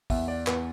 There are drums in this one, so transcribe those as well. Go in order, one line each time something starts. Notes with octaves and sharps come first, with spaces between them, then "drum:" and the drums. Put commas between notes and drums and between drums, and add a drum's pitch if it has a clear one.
E2 E5, drum: kick, open hi-hat
D5
E2 B4, drum: clap